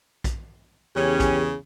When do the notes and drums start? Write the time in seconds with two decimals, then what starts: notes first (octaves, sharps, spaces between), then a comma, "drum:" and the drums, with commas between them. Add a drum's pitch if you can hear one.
0.24 drum: kick A#1, hi-hat
0.96 E2 C#3 C#4 G4
1.20 drum: kick A#1, hi-hat